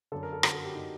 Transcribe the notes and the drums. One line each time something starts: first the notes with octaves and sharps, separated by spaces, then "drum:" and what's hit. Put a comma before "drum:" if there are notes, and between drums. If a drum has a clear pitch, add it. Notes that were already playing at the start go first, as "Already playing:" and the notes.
F#2 D3 A4
A#4
A4
F#2 D3 F#4, drum: rim click
A4
G4
D3 D#4